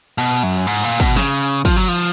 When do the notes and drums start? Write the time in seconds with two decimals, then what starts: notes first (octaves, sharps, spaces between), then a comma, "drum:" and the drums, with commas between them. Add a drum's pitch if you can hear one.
0.18 B2
0.43 F#2
0.67 G#2
0.84 A#2
1.00 B2, drum: kick
1.16 C#3, drum: snare
1.65 F3, drum: kick
1.76 F#3
1.88 F3